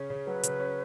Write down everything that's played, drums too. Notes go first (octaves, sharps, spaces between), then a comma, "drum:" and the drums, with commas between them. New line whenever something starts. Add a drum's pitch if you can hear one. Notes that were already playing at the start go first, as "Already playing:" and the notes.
Already playing: C#3 C#4
C#3
F#3 B4
C#3, drum: hi-hat
C#4